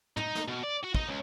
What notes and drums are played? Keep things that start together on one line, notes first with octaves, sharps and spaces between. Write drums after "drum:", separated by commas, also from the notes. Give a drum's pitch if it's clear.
D#4, drum: tom
drum: snare
B2
D5
F#4
D#4 D#5, drum: kick
C#2